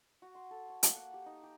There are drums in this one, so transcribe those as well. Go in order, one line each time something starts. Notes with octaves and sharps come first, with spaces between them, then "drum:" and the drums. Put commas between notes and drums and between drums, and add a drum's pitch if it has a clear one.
F#4
C6
A4
C#5
A#3, drum: hi-hat
F#5
G4
D#4
G4